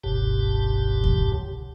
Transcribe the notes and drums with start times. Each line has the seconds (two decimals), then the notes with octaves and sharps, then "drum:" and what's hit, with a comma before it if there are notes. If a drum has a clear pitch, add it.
0.04 F#1 C2 G2 B2 G4 A5
1.04 drum: kick D#2